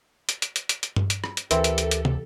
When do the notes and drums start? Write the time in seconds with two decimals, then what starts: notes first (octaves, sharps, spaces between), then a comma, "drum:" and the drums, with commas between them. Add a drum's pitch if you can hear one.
0.29 drum: hi-hat
0.42 drum: hi-hat
0.56 drum: hi-hat
0.69 drum: hi-hat
0.83 drum: hi-hat
0.96 drum: tom G2
1.10 drum: hi-hat
1.24 drum: rim click
1.37 drum: hi-hat
1.51 D2 E3 C4 G4 A4 A#4 E5, drum: hi-hat
1.64 drum: hi-hat
1.78 drum: hi-hat
1.91 drum: hi-hat
2.05 drum: tom